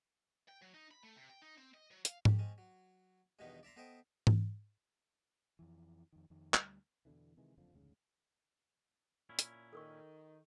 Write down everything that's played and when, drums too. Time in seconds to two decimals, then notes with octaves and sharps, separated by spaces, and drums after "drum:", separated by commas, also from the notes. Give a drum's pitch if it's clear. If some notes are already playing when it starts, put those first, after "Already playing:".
0.49 G5
0.62 F#3
0.74 D#4
0.91 B5
1.03 A3
1.16 C3
1.30 G5
1.42 D#4
1.58 C4
1.74 D#5
1.91 F#3
2.05 F5, drum: hi-hat
2.25 A3 G4, drum: tom G#2
2.39 G#3 C4 C#4
2.58 F#3
3.39 E2 G2 B2 D#3 B3 D#4
3.63 D5 E5 A#5 C6
3.76 B3 A4 C5 D#5 E5 G5
4.27 drum: tom G#2
5.59 F2 E3
6.13 F2 D#3
6.30 F2 D#3
6.54 D2 G3, drum: clap
7.05 E2 B2 D3 E3
7.37 C3 D#3 E3 G#3
7.57 F#1 F2 D3 F3
7.73 F1 D2 G#2 C#3
9.29 A#2 C#4 E4
9.39 drum: hi-hat
9.73 D#3 A4 A#4 C#6